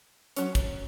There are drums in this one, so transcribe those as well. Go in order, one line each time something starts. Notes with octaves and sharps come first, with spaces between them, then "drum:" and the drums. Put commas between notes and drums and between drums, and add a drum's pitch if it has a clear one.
F#3 C#4, drum: hi-hat
drum: kick, hi-hat